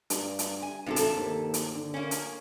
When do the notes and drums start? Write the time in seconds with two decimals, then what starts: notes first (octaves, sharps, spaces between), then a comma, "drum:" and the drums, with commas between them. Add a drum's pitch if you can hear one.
0.10 G2, drum: hi-hat
0.39 drum: hi-hat
0.62 G#5
0.86 G#1 G2 C3 A4
0.96 drum: hi-hat
1.16 D#2
1.54 drum: hi-hat
1.75 D3
1.94 A#3 C#4
2.11 drum: hi-hat